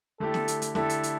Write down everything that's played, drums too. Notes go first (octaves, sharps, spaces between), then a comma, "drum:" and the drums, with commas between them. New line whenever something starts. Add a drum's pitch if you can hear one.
D3 A3 E4 G4 A4
drum: snare
drum: hi-hat
drum: hi-hat
D3 A3 E4 G4 A4, drum: snare
drum: hi-hat
drum: hi-hat